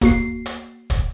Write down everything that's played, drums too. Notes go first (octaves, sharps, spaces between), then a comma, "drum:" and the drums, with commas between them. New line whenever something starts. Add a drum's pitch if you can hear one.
A#3 F#4 C7, drum: kick, hi-hat
drum: hi-hat
drum: kick, hi-hat